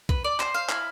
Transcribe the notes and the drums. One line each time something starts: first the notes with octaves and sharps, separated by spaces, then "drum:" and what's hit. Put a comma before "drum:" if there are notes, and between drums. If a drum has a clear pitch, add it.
B4, drum: kick B1
D5
C5, drum: clap
F5
E4, drum: clap